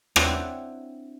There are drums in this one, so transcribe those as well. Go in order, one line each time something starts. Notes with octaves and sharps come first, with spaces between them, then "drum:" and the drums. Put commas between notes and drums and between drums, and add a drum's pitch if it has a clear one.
C4 D4 E4 C#5 F#5 G5, drum: rim click